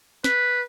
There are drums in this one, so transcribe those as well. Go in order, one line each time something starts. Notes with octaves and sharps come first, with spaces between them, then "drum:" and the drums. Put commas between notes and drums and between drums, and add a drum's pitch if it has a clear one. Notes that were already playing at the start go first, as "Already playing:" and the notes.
B4, drum: snare